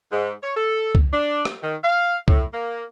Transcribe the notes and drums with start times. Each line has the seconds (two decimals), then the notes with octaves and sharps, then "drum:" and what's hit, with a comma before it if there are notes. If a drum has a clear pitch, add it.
0.11 G#2
0.42 C#5
0.56 A4
0.95 drum: kick C#2
1.13 D4
1.45 drum: rim click
1.63 D#3
1.83 F5
2.28 A2, drum: kick C#2
2.53 A#3